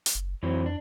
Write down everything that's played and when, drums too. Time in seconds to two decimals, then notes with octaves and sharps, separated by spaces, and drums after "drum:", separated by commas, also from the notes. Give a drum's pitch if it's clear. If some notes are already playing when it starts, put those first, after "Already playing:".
0.06 drum: hi-hat
0.15 F#1
0.43 F2 E3 F#3 C4
0.66 D4